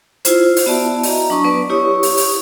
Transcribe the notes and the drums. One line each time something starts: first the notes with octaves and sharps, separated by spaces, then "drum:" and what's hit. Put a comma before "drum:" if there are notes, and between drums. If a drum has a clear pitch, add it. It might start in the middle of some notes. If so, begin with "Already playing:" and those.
E4 F4 C5, drum: hi-hat
drum: open hi-hat
B3 E4 F#4 D5 E5 A5
D#5 A#5, drum: open hi-hat
F#3 D4 A5 C#6 D#6
F#3 B3 B4 D5
E4 G4 C#5 C#6 D#6
drum: open hi-hat
drum: open hi-hat